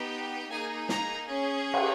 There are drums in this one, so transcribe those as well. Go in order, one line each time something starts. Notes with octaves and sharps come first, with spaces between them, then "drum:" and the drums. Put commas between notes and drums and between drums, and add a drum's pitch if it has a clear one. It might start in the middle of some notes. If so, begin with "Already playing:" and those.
Already playing: B3 D#4 G4
A#3 D#4 G#4 G#5
A#5, drum: snare
C#4 G#4
drum: cymbal